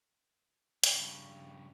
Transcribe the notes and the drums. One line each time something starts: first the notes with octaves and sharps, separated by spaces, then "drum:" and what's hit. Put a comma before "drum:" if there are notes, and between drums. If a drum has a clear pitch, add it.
G2 C#3, drum: hi-hat